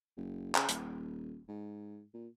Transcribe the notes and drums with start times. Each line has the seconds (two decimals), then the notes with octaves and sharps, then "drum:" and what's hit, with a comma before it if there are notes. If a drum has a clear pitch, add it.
0.17 F#1
0.55 C#3, drum: clap
0.69 D#1, drum: hi-hat
1.48 G#2
2.14 A#2